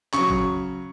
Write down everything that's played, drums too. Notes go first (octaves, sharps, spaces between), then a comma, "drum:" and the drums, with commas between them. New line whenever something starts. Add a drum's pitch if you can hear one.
C#3 F#3 C#6, drum: clap
drum: kick